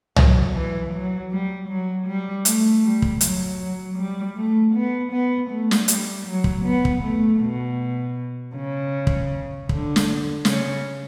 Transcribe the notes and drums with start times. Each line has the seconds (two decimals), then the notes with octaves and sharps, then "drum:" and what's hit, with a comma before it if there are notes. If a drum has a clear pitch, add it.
0.16 F#3, drum: tom
0.54 E3
0.92 F#3
1.31 G3
1.68 F#3
2.06 G3
2.45 A3, drum: hi-hat
2.83 G3
3.02 drum: kick
3.21 F#3, drum: hi-hat
3.59 F#3
3.97 G3
4.36 A3
4.74 B3
5.12 B3
5.49 A3
5.71 drum: snare
5.88 G3, drum: hi-hat
6.26 F#3
6.44 drum: kick
6.64 B3
6.85 drum: kick
7.02 A3
7.40 B2
8.55 C#3
9.07 drum: kick
9.69 D3, drum: kick
9.96 drum: snare
10.45 C#3, drum: snare